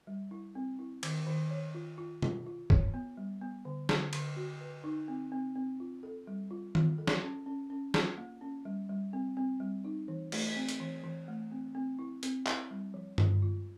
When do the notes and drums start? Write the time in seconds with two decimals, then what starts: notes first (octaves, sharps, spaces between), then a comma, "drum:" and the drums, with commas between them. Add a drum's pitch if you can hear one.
0.07 G3
0.31 E4
0.55 C4
0.79 E4
1.03 D#3, drum: cymbal
1.27 D#3
1.51 C#5
1.74 F4
1.98 F4
2.22 F4, drum: tom B2
2.47 F4
2.70 C#5, drum: kick
2.94 B3
3.17 G3
3.41 B3
3.65 D3
3.89 D3, drum: snare
4.13 D3, drum: cymbal
4.36 F#4
4.61 B4
4.84 D#4
5.08 C4
5.32 C4
5.55 C4
5.80 F4
6.03 A4
6.27 G3
6.51 F4
6.75 F4, drum: tom D#3
6.98 A4
7.07 drum: snare
7.22 C#4
7.46 C#4
7.70 C#4
7.94 F4, drum: snare
8.18 A#3
8.41 C#4
8.65 G3
8.89 G3
9.13 C4
9.37 C4
9.60 G3
9.84 D#4
10.08 E3
10.32 A3, drum: cymbal
10.56 C4
10.69 drum: hi-hat
10.80 E3
11.04 E3
11.28 A3
11.51 C4
11.75 C4
11.99 E4
12.23 C4, drum: hi-hat
12.47 E4, drum: clap
12.71 G3
12.94 F3
13.18 F4, drum: tom G2
13.42 F4